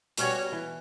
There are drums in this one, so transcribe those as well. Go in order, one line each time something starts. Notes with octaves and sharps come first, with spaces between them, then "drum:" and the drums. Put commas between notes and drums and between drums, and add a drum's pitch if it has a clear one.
B2 G3 C#4 F#4 C#5, drum: hi-hat
E3